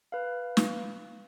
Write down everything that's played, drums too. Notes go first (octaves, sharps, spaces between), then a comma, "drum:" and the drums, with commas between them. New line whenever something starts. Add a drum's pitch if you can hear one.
B4 F5
drum: snare